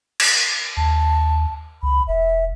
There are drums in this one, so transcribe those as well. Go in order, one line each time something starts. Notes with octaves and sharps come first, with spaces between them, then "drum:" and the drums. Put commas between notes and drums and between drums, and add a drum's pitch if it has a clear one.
drum: cymbal
D#2 A5
C#2 B5
E1 E5